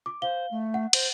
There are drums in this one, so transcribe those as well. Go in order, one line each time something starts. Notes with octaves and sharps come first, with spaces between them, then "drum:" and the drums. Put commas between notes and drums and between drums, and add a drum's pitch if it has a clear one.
D6
C5 F5 G7
A3
F#5
C5, drum: cymbal